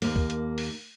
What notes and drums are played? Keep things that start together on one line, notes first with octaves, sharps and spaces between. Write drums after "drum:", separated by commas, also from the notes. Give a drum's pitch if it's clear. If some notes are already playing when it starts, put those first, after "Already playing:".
D#2 A#3, drum: open hi-hat
drum: kick
drum: hi-hat
drum: open hi-hat